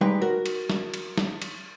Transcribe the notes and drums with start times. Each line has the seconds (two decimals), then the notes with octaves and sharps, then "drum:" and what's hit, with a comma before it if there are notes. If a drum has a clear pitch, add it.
0.01 G3 G#3 D#4 B4 G5
0.22 F#4 A#4
0.46 drum: cymbal
0.70 drum: snare
0.94 drum: cymbal
1.18 drum: snare
1.42 drum: cymbal